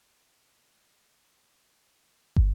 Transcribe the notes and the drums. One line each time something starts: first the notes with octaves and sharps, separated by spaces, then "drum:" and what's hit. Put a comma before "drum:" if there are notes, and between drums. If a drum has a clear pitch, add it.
A4 A#4 C5 E5 G5
G#3 A3 B3 F#4
D5 F#6 B6
drum: kick